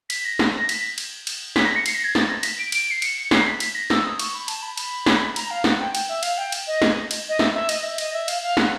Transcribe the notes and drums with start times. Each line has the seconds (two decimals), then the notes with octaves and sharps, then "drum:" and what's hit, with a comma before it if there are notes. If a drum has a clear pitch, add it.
0.10 B6, drum: cymbal
0.25 A#6
0.39 drum: snare
0.69 B6, drum: cymbal
0.98 drum: cymbal
1.27 drum: cymbal
1.56 B6, drum: snare
1.66 A#6
1.76 C#7
1.86 C7, drum: cymbal
1.95 A#6
2.04 G#6
2.15 A6, drum: snare
2.29 A#6
2.43 B6, drum: cymbal
2.58 D7
2.72 D7, drum: cymbal
2.91 C7
3.02 C#7, drum: cymbal
3.17 C#7
3.31 C7, drum: snare
3.46 B6
3.60 B6, drum: cymbal
3.75 A#6
3.90 E6, drum: snare
4.05 D#6
4.19 C#6, drum: cymbal
4.34 B5
4.48 A5, drum: cymbal
4.62 B5
4.77 B5, drum: cymbal
5.06 drum: snare
5.36 A#5, drum: cymbal
5.51 F5
5.64 F#5, drum: snare
5.80 G5
5.95 G5, drum: cymbal
6.09 E5
6.23 F5, drum: cymbal
6.38 G5
6.52 drum: cymbal
6.67 D#5
6.82 drum: snare
7.11 drum: cymbal
7.29 D#5
7.39 E5, drum: snare
7.54 E5
7.69 D#5, drum: cymbal
7.83 E5
7.98 D#5, drum: cymbal
8.13 E5
8.28 F5, drum: cymbal
8.42 F5
8.57 F#5, drum: snare